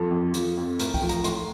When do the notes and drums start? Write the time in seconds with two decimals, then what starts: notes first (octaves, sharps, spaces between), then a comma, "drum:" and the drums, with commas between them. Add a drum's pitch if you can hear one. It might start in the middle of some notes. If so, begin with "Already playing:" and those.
Already playing: F2 F3 A4
0.11 F2
0.34 F3, drum: hi-hat
0.57 F2
0.79 A2 A#4, drum: hi-hat
0.94 G5, drum: kick C2, open hi-hat
1.02 F3
1.09 A#5, drum: hi-hat
1.24 A2 C6, drum: hi-hat